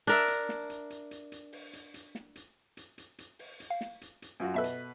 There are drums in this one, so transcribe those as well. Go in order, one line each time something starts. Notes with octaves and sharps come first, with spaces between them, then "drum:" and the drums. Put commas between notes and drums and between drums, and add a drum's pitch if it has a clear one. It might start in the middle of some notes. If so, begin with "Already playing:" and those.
D4 A#4 E5, drum: open hi-hat
drum: hi-hat
drum: snare
drum: hi-hat
drum: hi-hat
drum: hi-hat
drum: hi-hat
drum: open hi-hat
drum: hi-hat
drum: hi-hat
drum: snare
drum: hi-hat
drum: hi-hat
drum: hi-hat
drum: hi-hat
drum: open hi-hat
drum: hi-hat
F5
drum: snare
drum: hi-hat
drum: hi-hat
F#2 F4 F#4
B2 A4 B4 E5 A5
drum: hi-hat